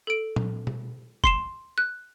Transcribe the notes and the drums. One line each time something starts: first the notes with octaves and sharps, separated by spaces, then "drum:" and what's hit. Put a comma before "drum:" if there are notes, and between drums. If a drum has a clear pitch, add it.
A4 D7
drum: tom A#2
drum: tom B2
C6 C7 E7, drum: kick
F#6